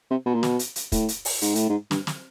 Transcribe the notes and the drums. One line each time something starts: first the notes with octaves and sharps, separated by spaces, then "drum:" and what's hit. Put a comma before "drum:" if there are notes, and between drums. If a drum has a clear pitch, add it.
C3
B2
A#2
B2, drum: snare
drum: hi-hat
drum: hi-hat
A2, drum: kick, hi-hat
drum: hi-hat
drum: open hi-hat
G#2, drum: hi-hat
A2, drum: hi-hat
G#2
G2, drum: snare
drum: snare